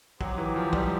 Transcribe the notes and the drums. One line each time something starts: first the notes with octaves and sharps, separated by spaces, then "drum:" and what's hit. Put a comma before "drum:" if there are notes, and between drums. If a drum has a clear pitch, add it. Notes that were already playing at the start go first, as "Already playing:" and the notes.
F#3 C4 D#4 G4, drum: kick
E3
F3
G3, drum: kick